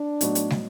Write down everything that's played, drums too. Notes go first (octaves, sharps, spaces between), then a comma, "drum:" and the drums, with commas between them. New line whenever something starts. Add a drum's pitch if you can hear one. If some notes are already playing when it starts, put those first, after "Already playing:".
Already playing: D4
A2 F#3 B3 D#4 F#4, drum: hi-hat
drum: hi-hat
drum: snare